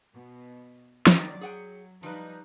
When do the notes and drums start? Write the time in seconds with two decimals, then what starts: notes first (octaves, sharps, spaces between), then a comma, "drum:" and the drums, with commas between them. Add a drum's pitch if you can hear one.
0.14 B2
1.07 F#2 D#3 D5, drum: snare
1.41 F#3 G#4 F#5 G5
2.03 F3 G3 D#4 B4